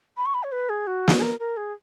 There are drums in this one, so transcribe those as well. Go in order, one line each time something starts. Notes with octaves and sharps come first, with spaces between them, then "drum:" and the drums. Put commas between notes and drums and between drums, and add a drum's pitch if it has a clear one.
B5
C#6
B5
C#5
B4
G#4
F#4
drum: snare
G#4
A#4
A#4
G#4